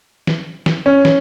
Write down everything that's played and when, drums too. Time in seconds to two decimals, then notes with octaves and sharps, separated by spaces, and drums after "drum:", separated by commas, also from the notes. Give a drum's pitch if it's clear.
0.27 drum: snare
0.66 drum: snare
0.86 C#4
1.05 drum: snare